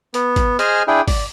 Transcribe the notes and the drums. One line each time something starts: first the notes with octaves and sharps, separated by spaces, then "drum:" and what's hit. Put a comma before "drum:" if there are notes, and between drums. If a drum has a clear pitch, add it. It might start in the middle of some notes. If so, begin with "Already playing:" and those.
B3, drum: hi-hat
drum: kick, hi-hat
G#4 C5 D#5 G#5 F6, drum: hi-hat
D4 E4 G#4 G5
D5, drum: kick, open hi-hat